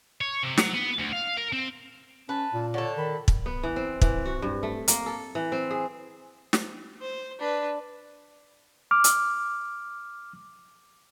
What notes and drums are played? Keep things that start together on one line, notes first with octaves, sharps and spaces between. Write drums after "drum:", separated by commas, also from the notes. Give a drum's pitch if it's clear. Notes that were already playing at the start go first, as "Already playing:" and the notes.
C#5
C3
F#3, drum: snare
B3
D2
F5
A#4
C4
C#4 B4 A5
A#2
D3 A4 C#5
D#3 B5
drum: kick
B3
E3
C4
E3, drum: kick
F#4
G2
A3
A#3, drum: hi-hat
A4
E3
C4
G#4
drum: snare
C5
D4 B4
D6 F6
drum: hi-hat